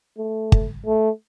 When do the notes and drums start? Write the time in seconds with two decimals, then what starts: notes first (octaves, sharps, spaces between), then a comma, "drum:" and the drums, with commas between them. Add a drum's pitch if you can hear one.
0.18 A3
0.52 drum: kick
0.86 A3